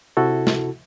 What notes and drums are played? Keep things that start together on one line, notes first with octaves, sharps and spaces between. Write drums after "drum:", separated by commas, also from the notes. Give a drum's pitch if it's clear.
C3 E4 F#4 A4
drum: snare